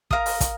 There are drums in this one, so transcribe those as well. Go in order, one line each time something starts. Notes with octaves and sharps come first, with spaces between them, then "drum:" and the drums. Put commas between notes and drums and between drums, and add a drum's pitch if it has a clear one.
A#4 F5 A#5 D#6, drum: kick
drum: open hi-hat
drum: kick, hi-hat